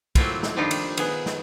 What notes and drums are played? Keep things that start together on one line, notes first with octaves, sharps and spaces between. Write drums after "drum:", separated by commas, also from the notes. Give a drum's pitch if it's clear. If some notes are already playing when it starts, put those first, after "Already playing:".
F#3 A3 A#3 C4 E4 F4, drum: kick, cymbal
drum: snare
D#3 F3 G3 D4 D#4 F4
drum: cymbal
D#3 B3 G#4, drum: cymbal
drum: snare